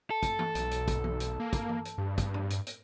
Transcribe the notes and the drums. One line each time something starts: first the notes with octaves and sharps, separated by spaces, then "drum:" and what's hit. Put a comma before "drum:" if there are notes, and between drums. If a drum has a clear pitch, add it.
A4
drum: kick, hi-hat
drum: tom E3
B1, drum: hi-hat
drum: hi-hat
drum: kick, hi-hat
drum: tom E3
drum: hi-hat
A#3
drum: kick, hi-hat
drum: tom E3
drum: hi-hat
G2
drum: kick, hi-hat
drum: tom A2
drum: hi-hat
drum: hi-hat